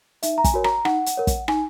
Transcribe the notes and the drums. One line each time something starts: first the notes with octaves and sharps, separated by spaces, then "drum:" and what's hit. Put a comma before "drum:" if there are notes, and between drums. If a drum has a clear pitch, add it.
D#4 E5, drum: hi-hat
A#5
G#5, drum: kick, hi-hat
F#4 A#4 C#5
A#5, drum: rim click
D#4 F#5, drum: rim click
drum: hi-hat
A#4 C#5
drum: kick, hi-hat
D#4 G#5, drum: rim click